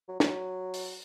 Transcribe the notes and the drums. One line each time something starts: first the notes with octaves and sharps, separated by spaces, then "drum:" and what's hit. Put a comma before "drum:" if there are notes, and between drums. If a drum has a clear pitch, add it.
F#3
F#3, drum: snare
drum: open hi-hat